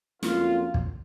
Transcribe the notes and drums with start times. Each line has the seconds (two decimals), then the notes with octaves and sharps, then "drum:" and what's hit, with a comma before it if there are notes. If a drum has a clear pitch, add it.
0.23 F2 C#3 F#3 A#3 F4, drum: snare
0.74 drum: kick